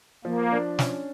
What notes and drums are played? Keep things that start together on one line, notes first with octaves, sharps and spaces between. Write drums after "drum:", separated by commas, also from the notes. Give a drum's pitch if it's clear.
F3 A#3
D4
C#4, drum: snare